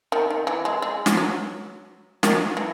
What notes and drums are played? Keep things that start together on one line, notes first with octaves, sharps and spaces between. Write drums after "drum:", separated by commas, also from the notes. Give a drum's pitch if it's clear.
D#3
D#3
E3
G#3
G#3
drum: snare
F#3
D#3, drum: snare
E3